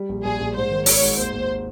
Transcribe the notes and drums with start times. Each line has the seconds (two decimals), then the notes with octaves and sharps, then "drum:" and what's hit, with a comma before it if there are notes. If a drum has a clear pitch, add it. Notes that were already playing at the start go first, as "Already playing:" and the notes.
Already playing: G3
0.09 A#1
0.24 A#1 G#4
0.41 A#1
0.56 G#2 C5
0.71 D#3
0.86 G#1 C#5, drum: open hi-hat
1.02 G#2
1.18 D#2 C5
1.34 D#2